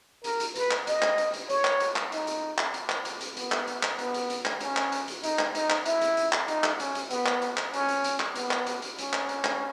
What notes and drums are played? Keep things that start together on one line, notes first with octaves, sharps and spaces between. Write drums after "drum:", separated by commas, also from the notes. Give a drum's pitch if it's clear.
A#4, drum: hi-hat
drum: hi-hat
B4, drum: hi-hat
drum: clap
D#5, drum: hi-hat
drum: clap
drum: hi-hat
drum: hi-hat
C#5, drum: hi-hat
drum: clap
drum: hi-hat
drum: clap
D#4, drum: hi-hat
drum: hi-hat
drum: clap
drum: hi-hat
drum: clap
drum: hi-hat
drum: hi-hat
B3, drum: hi-hat
drum: clap
drum: hi-hat
drum: clap
B3, drum: hi-hat
drum: hi-hat
drum: hi-hat
drum: clap
C#4, drum: hi-hat
drum: clap
drum: hi-hat
drum: hi-hat
D#4, drum: hi-hat
drum: clap
D#4, drum: hi-hat
drum: clap
E4, drum: hi-hat
drum: hi-hat
drum: hi-hat
drum: clap
D#4, drum: hi-hat
drum: clap
C#4, drum: hi-hat
drum: hi-hat
B3, drum: hi-hat
drum: clap
drum: hi-hat
drum: clap
C#4, drum: hi-hat
drum: hi-hat
drum: hi-hat
drum: clap
B3, drum: hi-hat
drum: clap
drum: hi-hat
drum: hi-hat
C#4, drum: hi-hat
drum: clap
drum: hi-hat
drum: clap